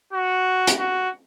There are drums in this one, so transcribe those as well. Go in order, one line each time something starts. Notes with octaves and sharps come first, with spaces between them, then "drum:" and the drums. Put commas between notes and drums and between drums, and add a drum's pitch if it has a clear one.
F#4
drum: hi-hat
F#4